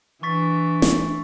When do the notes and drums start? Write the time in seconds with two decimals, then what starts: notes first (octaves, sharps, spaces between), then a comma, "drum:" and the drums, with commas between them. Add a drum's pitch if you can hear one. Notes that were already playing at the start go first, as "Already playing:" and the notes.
0.23 E3 D4 C#6 A6 B6
0.82 drum: snare